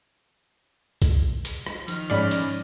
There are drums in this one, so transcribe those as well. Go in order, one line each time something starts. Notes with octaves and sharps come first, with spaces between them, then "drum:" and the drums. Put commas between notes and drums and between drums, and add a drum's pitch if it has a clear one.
drum: kick, hi-hat
drum: hi-hat
drum: rim click
D#3 F3 F6, drum: hi-hat
G#2 C#4 D5 B5
drum: hi-hat